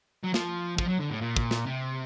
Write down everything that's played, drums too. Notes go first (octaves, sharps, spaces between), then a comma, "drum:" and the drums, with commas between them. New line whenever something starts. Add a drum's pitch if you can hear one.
F#3
F3, drum: snare
F3, drum: kick
F#3
D3
A2
A#2
drum: kick
drum: snare
C3